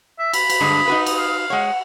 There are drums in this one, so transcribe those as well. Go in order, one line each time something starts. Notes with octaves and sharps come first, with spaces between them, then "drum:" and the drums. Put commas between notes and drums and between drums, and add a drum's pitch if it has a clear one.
E5
B5, drum: cymbal
drum: cymbal
G2 D3 G#3 D#6
D#4 F#4 B4
drum: cymbal
F5
G#3 C#5 F#5